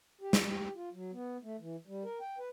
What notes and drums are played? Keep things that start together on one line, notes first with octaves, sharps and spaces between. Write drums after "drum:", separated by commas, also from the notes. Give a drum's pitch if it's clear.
G4
F#3, drum: snare
G4
F4
F#3
B3
A3
E3
G3
A#4
G5
B4